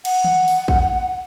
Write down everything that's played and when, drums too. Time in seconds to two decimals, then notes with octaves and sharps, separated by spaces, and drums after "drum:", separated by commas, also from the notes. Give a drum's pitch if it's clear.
0.05 F#5, drum: cymbal
0.24 drum: tom D#3
0.48 drum: open hi-hat
0.68 drum: kick